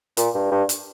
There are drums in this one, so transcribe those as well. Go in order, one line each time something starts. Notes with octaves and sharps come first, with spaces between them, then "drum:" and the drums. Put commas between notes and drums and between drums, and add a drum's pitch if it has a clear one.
A#2, drum: hi-hat
G2
G2
drum: hi-hat